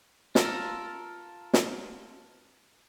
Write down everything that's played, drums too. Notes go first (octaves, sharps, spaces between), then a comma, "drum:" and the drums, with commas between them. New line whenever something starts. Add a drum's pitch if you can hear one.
F4 A4 A#4, drum: snare
drum: snare